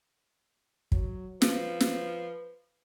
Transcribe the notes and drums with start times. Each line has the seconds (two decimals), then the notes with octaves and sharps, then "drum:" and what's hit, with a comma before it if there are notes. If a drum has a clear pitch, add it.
0.92 F#3, drum: kick
1.42 F3 B4, drum: snare
1.80 drum: snare